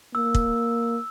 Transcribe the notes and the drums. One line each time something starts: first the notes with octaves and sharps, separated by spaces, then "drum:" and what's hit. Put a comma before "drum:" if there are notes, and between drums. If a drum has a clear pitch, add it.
A#3 E6
drum: kick